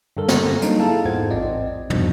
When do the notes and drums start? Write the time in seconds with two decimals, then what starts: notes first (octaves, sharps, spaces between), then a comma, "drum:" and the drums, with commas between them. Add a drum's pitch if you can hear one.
0.17 G2 D3 A4 A#4
0.28 drum: snare
0.62 F#3 G3 A#3 C4 D4 D#4, drum: hi-hat
0.79 E4 G#4 A4 F5 A5
1.05 E2 G#2 F4 C5 F#5 G#6
1.31 A1 C4 D5 D#5
1.90 F2 G#2 B2 F3 D4, drum: tom